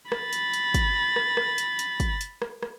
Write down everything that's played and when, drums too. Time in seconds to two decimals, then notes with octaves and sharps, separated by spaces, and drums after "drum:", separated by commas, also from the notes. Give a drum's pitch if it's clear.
0.12 B5 A6, drum: rim click
0.33 drum: hi-hat
0.54 drum: hi-hat
0.74 drum: kick, hi-hat
1.16 drum: rim click
1.37 drum: rim click
1.58 drum: hi-hat
1.79 drum: hi-hat
2.00 drum: kick, hi-hat
2.21 drum: hi-hat
2.42 drum: rim click
2.63 drum: rim click